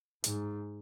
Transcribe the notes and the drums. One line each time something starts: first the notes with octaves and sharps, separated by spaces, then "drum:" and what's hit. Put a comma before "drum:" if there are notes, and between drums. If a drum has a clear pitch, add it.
G#2, drum: hi-hat